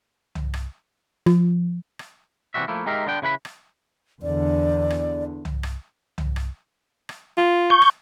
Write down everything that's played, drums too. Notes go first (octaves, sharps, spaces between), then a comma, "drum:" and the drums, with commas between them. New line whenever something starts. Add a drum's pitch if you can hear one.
drum: tom
drum: rim click
F3, drum: rim click
drum: rim click
C3 E3 G3 F#4 E5
F3 A3 A#3 E4
G#3 D#4 G4 A#4 E5 F5
D3 B3 D4 G5
C#3 E4 B4 B5
drum: rim click
E2 D3 D5
drum: rim click
drum: tom
drum: rim click
drum: tom
drum: rim click
drum: rim click
F4
C#6 G6
drum: rim click